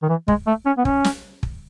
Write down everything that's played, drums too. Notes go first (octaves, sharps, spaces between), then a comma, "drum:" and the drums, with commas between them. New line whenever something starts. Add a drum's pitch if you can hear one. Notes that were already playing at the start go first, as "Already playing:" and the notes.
D#3
E3
G#3, drum: kick
A3
C#4
B3
C#4, drum: kick
drum: snare
drum: kick